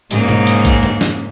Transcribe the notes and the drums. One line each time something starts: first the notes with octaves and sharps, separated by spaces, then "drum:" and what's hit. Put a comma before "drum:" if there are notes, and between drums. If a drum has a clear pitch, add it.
G#2 C#3 A#3, drum: hi-hat
drum: tom B2
drum: hi-hat
drum: kick, hi-hat
drum: tom F2
drum: snare